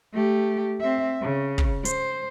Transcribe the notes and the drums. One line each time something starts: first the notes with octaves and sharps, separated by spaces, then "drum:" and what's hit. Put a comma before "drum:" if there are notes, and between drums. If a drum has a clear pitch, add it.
A3 G4
C4 E5
C#3
drum: kick
C5, drum: hi-hat